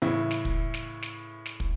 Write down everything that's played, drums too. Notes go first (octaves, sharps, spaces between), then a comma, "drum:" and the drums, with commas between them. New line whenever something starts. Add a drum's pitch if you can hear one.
A2 C#3 E3 E4
drum: snare
drum: kick
drum: snare
drum: snare
drum: snare
drum: kick